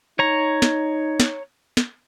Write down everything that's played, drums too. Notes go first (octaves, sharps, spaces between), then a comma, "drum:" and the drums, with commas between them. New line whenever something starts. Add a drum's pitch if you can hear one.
D#4 C#5 A#5
drum: snare
drum: snare
drum: snare